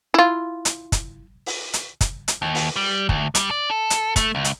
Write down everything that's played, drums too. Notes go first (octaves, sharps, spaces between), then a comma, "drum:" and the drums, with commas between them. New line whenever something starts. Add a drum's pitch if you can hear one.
E4 F4
drum: hi-hat
drum: kick, hi-hat
drum: open hi-hat
drum: hi-hat
drum: kick, hi-hat
drum: hi-hat
D#2
drum: open hi-hat
G3
D2, drum: kick
G3, drum: hi-hat
D5
A4
drum: hi-hat
A3, drum: kick, hi-hat
C#2
drum: hi-hat